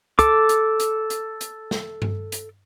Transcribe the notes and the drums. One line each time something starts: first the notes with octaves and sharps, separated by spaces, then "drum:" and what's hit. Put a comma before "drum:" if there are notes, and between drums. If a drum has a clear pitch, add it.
A4 D6, drum: kick, hi-hat
drum: hi-hat
drum: hi-hat
drum: hi-hat
drum: hi-hat
drum: snare
drum: tom G2
drum: hi-hat